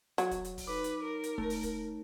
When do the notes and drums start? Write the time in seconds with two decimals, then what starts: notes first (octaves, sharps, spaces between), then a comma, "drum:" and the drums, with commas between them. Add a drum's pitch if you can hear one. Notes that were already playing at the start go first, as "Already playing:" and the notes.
0.18 F#3, drum: hi-hat
0.31 drum: kick, hi-hat
0.45 drum: hi-hat
0.58 drum: kick, open hi-hat
0.67 D#4 A4 B4 C#5 D6
0.84 drum: hi-hat
1.03 A#4
1.24 drum: hi-hat
1.38 A3, drum: kick
1.50 drum: open hi-hat
1.63 drum: kick, hi-hat